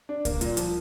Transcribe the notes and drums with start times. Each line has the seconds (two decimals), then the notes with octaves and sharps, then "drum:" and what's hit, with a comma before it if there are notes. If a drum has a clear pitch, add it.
0.09 D4
0.25 A#3, drum: kick C#2, hi-hat
0.41 A#2, drum: hi-hat
0.57 F3, drum: hi-hat